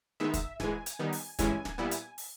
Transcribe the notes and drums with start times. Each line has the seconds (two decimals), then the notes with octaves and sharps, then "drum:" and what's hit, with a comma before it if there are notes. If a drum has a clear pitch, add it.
0.20 D#3 G#3 B3 D#4 E5
0.34 drum: kick, hi-hat
0.60 G#2 E3 G#3 G#5, drum: snare
0.86 drum: hi-hat
0.99 D#3 G3 B3 D#4
1.13 drum: open hi-hat
1.39 G2 E3 G#3 C#4 E4 G#5, drum: kick, hi-hat
1.65 drum: snare
1.78 A#2 G3 B3 E4
1.91 drum: hi-hat
2.18 drum: open hi-hat